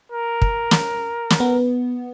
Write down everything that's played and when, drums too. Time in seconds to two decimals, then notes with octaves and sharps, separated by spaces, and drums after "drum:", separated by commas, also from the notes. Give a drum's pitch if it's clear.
0.12 A#4
0.42 drum: kick
0.71 drum: snare
1.30 drum: snare
1.40 B3